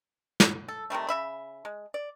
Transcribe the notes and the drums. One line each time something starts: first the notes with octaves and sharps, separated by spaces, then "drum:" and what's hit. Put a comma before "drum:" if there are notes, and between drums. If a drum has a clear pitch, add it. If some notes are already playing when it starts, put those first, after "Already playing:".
drum: snare
A4
C3 D#3 G3 A3
C#3 E5 B5
G#3
D5